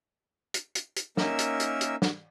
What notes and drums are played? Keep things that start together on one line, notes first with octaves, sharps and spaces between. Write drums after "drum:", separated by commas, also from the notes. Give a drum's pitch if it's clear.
drum: hi-hat
drum: hi-hat
drum: hi-hat
A#3 C#4 D#4 A#4 E5 E6, drum: snare
drum: hi-hat
drum: hi-hat
drum: hi-hat
drum: snare